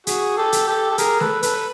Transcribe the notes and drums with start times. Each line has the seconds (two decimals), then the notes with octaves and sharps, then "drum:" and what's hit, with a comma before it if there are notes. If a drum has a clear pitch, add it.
0.07 F#4 G#4, drum: hi-hat
0.37 G4 A4
0.52 drum: hi-hat
0.67 G4 A4
0.91 A4
0.98 G#4 A#4, drum: hi-hat
1.20 A4 B4, drum: snare A3
1.43 A4 B4, drum: hi-hat